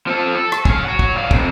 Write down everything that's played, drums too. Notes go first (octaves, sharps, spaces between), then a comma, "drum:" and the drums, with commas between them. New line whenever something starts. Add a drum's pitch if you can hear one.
F3 A4
A4
drum: rim click
C#4 F5, drum: kick
C#5 F#5
drum: kick
G3 F5
F2 C3, drum: kick